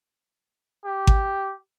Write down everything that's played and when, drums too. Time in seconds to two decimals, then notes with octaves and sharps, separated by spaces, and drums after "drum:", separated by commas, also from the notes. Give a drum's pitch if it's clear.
0.85 G4
1.07 drum: kick G#1